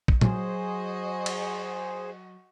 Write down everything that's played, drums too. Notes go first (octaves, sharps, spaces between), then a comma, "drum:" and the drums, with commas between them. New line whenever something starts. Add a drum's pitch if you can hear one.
drum: kick
F#3 F#4 G#4 C5 D#5, drum: tom A#2
drum: cymbal